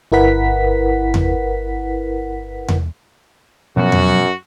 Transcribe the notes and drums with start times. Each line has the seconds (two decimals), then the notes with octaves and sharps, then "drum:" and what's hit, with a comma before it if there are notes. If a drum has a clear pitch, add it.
0.12 G1 E4 A#4 B4 F#5 B6
1.14 drum: tom E2
2.68 drum: tom E2
3.77 F#2 B2 F3 F#3 B3 F#4
3.92 drum: tom E2